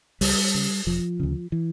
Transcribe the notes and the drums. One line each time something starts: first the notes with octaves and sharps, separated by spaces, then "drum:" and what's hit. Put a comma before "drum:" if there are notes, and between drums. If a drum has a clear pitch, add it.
C#2 G3, drum: open hi-hat
C#3
E1 F3
D2 C#3
E3